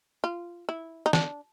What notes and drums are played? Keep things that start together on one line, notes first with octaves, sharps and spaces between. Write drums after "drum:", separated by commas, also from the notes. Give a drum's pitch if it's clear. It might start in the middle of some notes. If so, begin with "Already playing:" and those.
F4
E4
D#4
D4, drum: snare